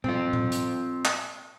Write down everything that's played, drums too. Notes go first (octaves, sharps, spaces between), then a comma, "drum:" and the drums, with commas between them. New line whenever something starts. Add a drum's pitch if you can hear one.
C4 F4, drum: tom A2
drum: tom A2
drum: hi-hat
drum: clap